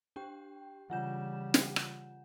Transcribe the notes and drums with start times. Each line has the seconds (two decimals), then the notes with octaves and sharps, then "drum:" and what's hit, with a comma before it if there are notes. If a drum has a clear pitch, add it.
0.16 D4 G4 G5
0.90 C#3 E3 G3 F4 F#5 G#5 G6 E7
1.54 drum: snare
1.76 drum: rim click